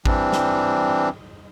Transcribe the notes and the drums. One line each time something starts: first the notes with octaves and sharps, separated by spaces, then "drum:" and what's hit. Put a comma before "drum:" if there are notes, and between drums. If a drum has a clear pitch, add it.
E3 G3 C4 D4, drum: kick A1
drum: snare